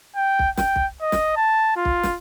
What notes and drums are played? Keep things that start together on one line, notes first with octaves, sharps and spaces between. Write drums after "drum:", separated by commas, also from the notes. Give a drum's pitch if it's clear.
G5
drum: kick B1
G5, drum: snare
drum: kick B1
D#5
drum: snare
A5
F4
drum: kick B1
drum: snare